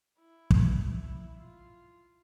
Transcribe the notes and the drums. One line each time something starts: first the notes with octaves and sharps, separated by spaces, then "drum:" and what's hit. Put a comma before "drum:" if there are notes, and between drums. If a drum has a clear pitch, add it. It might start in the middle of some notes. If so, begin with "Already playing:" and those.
E4
drum: kick
F4